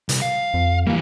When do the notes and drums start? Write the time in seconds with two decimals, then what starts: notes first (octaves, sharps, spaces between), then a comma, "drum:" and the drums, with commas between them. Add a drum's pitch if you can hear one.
0.09 C2, drum: hi-hat
0.22 F5
0.54 F2
0.87 E3 G3 A#3